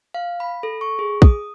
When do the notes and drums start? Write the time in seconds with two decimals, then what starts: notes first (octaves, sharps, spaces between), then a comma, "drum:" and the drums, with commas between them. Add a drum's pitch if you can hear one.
0.14 F5
0.40 B5
0.63 A4
0.81 C#6
0.99 G#4
1.22 D#6, drum: kick